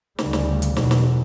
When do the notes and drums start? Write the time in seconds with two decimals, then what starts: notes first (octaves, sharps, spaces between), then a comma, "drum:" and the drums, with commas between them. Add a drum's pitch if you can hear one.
0.19 D2 C#3 G3, drum: snare
0.33 drum: snare
0.62 drum: hi-hat
0.77 E2 B2 F#3, drum: snare
0.91 drum: snare